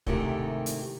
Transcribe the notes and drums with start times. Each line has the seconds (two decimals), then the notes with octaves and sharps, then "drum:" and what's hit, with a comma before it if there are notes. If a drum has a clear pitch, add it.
0.06 G#2 C3 D#3 A3 E4 G4, drum: kick
0.66 drum: hi-hat